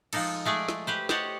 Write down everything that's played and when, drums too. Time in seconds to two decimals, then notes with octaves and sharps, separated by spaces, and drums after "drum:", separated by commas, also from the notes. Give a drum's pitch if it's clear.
0.13 F3 G#3 D#4 A4, drum: cymbal
0.45 G#3 A3 G#4 D5
0.69 drum: snare
0.87 G4 B4 C5
1.09 G4 C5 C#5 D#5 F#5 A5, drum: snare